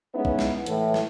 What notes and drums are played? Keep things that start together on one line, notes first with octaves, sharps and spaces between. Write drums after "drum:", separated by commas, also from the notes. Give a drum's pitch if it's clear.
G#3 B3 C#4 D#4 E4
drum: kick
drum: snare
A2 E3, drum: hi-hat
drum: snare